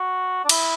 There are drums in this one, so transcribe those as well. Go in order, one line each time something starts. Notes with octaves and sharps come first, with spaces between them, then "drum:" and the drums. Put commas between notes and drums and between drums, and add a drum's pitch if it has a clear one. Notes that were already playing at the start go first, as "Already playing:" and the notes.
Already playing: F#4
D4
E4, drum: cymbal